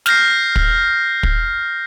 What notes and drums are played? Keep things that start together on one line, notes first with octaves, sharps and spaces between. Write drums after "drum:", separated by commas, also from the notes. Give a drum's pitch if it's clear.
F6 G6 A#6 C7, drum: snare
drum: kick
drum: kick